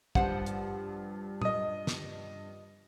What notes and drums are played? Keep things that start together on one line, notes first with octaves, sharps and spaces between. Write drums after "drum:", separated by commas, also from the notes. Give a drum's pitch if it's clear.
G2 F3 C5 F#5, drum: kick
drum: hi-hat
D#5 D#6, drum: tom
drum: snare